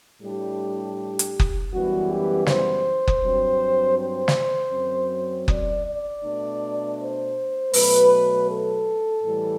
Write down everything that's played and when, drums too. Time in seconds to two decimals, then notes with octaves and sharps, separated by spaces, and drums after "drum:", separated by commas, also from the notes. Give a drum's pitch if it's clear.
0.21 A2 G3 D4 G4
1.19 drum: hi-hat
1.40 drum: kick F#1
1.72 F#2 E3 G3 B3 F#4
2.10 G4
2.46 C5, drum: snare
3.08 drum: kick F#1
3.22 G2 F#3 C4
3.97 C5
4.28 drum: snare
4.72 F#2 F#3 C4
5.48 D5, drum: kick F#1
5.86 D5
6.23 B2 A3 D4
6.98 C5
7.73 B2 F#3 A3 B4, drum: open hi-hat
8.49 A4
9.24 A2 E3 G3